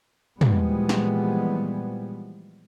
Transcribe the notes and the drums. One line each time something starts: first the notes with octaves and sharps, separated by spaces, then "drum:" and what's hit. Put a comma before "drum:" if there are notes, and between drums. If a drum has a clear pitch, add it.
A#2 E3 F3 G3 G#3 B3, drum: tom
drum: snare